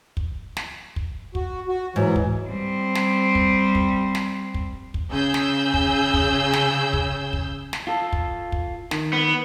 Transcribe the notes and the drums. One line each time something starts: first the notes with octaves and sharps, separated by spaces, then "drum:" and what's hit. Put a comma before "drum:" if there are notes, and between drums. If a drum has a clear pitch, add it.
drum: kick
drum: snare
drum: kick
F#4, drum: kick
F#4
G#2 E3 F#3
drum: kick
G3 C4
drum: snare
drum: kick
drum: kick
drum: snare
drum: kick
drum: kick
C#3 G#4 E6 G6
drum: snare
drum: kick
drum: kick
drum: snare
drum: kick
drum: kick
drum: snare
F4 A4
drum: kick
drum: kick
D#3, drum: snare
B3